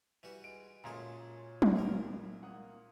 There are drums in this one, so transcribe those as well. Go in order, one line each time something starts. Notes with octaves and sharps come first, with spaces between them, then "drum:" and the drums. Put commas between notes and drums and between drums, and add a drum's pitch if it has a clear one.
E3 G3 F#4
G#3 D7
F#2 A#2 G#3 C#4 A4 A#5 C6 D#6
drum: tom F#3
C2 D#3 C4 A#4
A#3 F#5 D#6